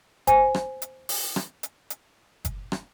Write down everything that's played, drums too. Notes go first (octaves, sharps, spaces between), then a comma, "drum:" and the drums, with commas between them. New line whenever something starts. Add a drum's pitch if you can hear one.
C5 G#5, drum: kick F#1, hi-hat
drum: rim click
drum: hi-hat
drum: open hi-hat
drum: rim click
drum: hi-hat
drum: hi-hat
drum: kick F#1, hi-hat
drum: rim click